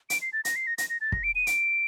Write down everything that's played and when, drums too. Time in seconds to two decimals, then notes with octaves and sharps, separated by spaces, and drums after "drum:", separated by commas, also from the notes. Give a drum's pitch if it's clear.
0.10 D7, drum: hi-hat
0.22 C7
0.33 A6
0.45 A#6, drum: hi-hat
0.56 C7
0.67 A#6
0.78 A#6, drum: hi-hat
0.90 A#6
1.01 A6
1.12 A#6, drum: kick
1.23 D7
1.35 D#7
1.47 D7, drum: hi-hat